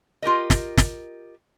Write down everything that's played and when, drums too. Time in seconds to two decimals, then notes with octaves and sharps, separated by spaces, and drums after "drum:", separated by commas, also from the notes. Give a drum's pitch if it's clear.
0.22 F4 G4 A#4 D#5
0.50 drum: snare
0.77 drum: snare